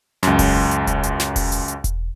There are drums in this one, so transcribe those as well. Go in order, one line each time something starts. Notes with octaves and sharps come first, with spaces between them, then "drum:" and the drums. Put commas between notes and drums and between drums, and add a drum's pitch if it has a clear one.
C#2 F#2, drum: snare
drum: kick E1, open hi-hat
drum: hi-hat
drum: kick E1, hi-hat
drum: hi-hat
drum: snare
drum: kick E1, open hi-hat
drum: hi-hat
drum: hi-hat
drum: kick E1, hi-hat